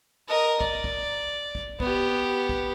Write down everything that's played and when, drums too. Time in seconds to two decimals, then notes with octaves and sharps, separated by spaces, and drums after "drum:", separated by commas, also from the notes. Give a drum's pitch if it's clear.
0.28 A#4 D#5
0.61 D5, drum: kick
0.84 drum: kick
1.55 drum: kick
1.80 B3 G4, drum: kick
2.49 drum: kick